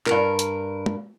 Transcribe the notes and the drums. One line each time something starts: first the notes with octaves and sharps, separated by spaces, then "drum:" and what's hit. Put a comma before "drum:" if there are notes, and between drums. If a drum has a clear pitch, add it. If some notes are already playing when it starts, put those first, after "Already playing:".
G2 A#4, drum: clap
drum: hi-hat
drum: tom G#3